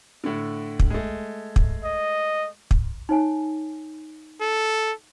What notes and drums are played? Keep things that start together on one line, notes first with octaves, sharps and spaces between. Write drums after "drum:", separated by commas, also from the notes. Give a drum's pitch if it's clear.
A2 D3
drum: kick
G#3 A3
drum: kick
D#5
drum: kick
D#4 C#5 G#5
A4